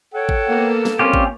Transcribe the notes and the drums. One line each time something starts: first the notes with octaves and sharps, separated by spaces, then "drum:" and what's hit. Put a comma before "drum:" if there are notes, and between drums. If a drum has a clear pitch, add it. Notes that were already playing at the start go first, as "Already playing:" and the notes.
A4 C#5 F#5 G5
drum: kick G#1
A#3 B3
drum: snare
G3 C4 C#4 F4 G4
drum: kick G#1